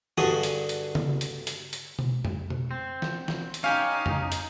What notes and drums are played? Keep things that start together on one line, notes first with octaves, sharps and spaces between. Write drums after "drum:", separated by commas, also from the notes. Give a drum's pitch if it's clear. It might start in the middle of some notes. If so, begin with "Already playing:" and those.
G2 D3 F#4 G#4 D#6, drum: snare
drum: hi-hat
drum: hi-hat
drum: tom C#3
drum: hi-hat
drum: hi-hat
drum: hi-hat
drum: tom B2
drum: tom F2
drum: tom B2
C4
drum: snare
drum: snare
drum: hi-hat
C#4 D#4 G4 F5 G#5
drum: tom F2
drum: hi-hat